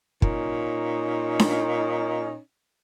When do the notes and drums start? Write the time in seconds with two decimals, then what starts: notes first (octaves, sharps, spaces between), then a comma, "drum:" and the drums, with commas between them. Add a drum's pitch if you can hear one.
0.22 A#2 C#4 D#4, drum: kick
1.39 drum: snare D4